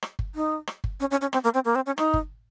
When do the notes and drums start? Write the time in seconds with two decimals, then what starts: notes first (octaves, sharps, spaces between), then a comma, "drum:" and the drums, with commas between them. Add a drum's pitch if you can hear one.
0.03 drum: rim click
0.19 drum: kick G1
0.35 D#4
0.67 drum: rim click
0.84 drum: kick G1
1.00 C#4
1.11 C#4
1.21 C#4
1.33 C4, drum: rim click
1.44 A#3
1.54 C4
1.65 A#3
1.75 C4
1.86 C#4
1.98 D#4, drum: rim click
2.14 drum: kick G1